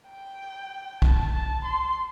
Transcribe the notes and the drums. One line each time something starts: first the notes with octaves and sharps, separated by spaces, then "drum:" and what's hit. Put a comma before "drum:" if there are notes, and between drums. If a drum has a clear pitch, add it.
G5
A5, drum: kick
A5
C6